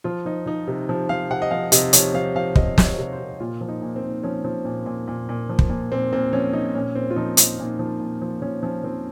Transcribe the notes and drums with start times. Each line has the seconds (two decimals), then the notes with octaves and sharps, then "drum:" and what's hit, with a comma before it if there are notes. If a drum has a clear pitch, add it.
0.04 F3 F4
0.26 F3 D#4
0.46 F3 D#4
0.68 C3
0.89 F3
1.09 F3 F5
1.30 C3 F#5
1.42 D#5
1.51 F3 F5
1.72 C3 D#5, drum: hi-hat
1.93 F3 C#5, drum: hi-hat
2.14 F3 F5
2.36 F3 F5
2.56 C3 D#5, drum: kick
2.78 C3, drum: snare
2.84 C#5
2.98 C3
3.13 C5
3.19 C3
3.40 A#2 F4
3.61 F3
3.68 D#4
3.82 A#2
3.96 C4
4.02 A#2
4.23 F3 C#4
4.45 F3
4.65 A#2
4.86 A#2
5.08 A#2
5.29 A#2
5.50 F3
5.59 drum: kick
5.70 A#2
5.92 A#2 C4
6.13 A#2 C4
6.33 F3 C#4
6.53 F3 D#4
6.75 A#2 C#4
6.95 A#2 C4
7.10 F4
7.16 F3 D#4
7.37 F3 D#4, drum: hi-hat
7.59 A#2
7.79 F3
8.00 A#2
8.22 F3
8.42 F3 C#4
8.63 F3 C#4
8.84 F3 C4